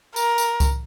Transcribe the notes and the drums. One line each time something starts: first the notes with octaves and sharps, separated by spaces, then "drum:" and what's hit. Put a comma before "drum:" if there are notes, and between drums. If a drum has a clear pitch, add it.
A#4, drum: tambourine
drum: tambourine
drum: kick C2, tambourine